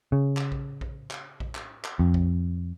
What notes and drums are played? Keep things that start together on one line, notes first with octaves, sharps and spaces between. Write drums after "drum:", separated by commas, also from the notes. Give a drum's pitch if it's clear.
C#3
drum: clap
drum: kick A#1
drum: kick A#1
drum: clap
drum: kick A#1
drum: clap
drum: clap
F2
drum: kick A#1